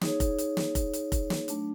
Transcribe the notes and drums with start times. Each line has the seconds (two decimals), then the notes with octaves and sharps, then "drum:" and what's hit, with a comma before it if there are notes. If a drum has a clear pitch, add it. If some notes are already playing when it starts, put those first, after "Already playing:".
0.01 D#4 G#4 C#5, drum: snare
0.20 drum: kick F1, hi-hat
0.38 drum: hi-hat
0.57 drum: snare
0.75 drum: kick F1, hi-hat
0.93 drum: hi-hat
1.12 drum: kick F1, hi-hat
1.30 drum: snare
1.48 F#3 A3 D4, drum: hi-hat